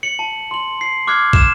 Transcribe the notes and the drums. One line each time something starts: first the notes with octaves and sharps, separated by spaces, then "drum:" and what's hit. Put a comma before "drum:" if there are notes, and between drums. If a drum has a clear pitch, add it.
C#7 F#7
A5
C6 F#7
C7
D6 F6 F#6 G#6 C7
E7, drum: kick